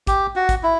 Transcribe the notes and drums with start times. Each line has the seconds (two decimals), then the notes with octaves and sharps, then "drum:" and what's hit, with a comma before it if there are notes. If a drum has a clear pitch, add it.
0.07 G4, drum: kick, hi-hat
0.36 F#4
0.49 drum: kick, hi-hat
0.63 E4